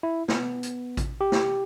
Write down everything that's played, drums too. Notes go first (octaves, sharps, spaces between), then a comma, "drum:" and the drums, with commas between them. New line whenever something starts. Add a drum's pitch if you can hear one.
E4
B3, drum: snare
drum: hi-hat
drum: kick A1, hi-hat
G4
drum: snare